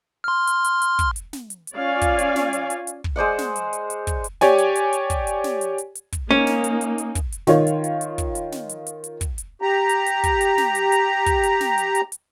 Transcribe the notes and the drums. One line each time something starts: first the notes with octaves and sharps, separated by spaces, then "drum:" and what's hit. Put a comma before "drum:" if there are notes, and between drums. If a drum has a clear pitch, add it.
C6 F6
drum: hi-hat
drum: hi-hat
drum: hi-hat
drum: kick, hi-hat
drum: hi-hat
drum: snare
drum: hi-hat
drum: hi-hat
C#4 F4 C#5 D5 F5 G#5
drum: kick, hi-hat
drum: hi-hat
drum: snare
drum: hi-hat
drum: hi-hat
drum: hi-hat
drum: kick
G#3 C5 D5 F#5
drum: snare
drum: hi-hat
drum: hi-hat
drum: hi-hat
drum: kick, hi-hat
drum: hi-hat
G4 C#5 D5 G#5, drum: snare
drum: hi-hat
drum: hi-hat
drum: hi-hat
drum: kick, hi-hat
drum: hi-hat
drum: snare
drum: hi-hat
drum: hi-hat
drum: hi-hat
drum: kick, hi-hat
A#3 C#4 D#4
drum: snare
drum: hi-hat
drum: hi-hat
drum: hi-hat
drum: kick, hi-hat
drum: hi-hat
D#3 F4 C#5, drum: snare
drum: hi-hat
drum: hi-hat
drum: hi-hat
drum: kick, hi-hat
drum: hi-hat
drum: snare
drum: hi-hat
drum: hi-hat
drum: hi-hat
drum: kick, hi-hat
drum: hi-hat
G4 A#5
drum: hi-hat
drum: hi-hat
drum: kick, hi-hat
drum: hi-hat
drum: snare
drum: hi-hat
drum: hi-hat
drum: kick, hi-hat
drum: hi-hat
drum: snare
drum: hi-hat
drum: hi-hat
drum: hi-hat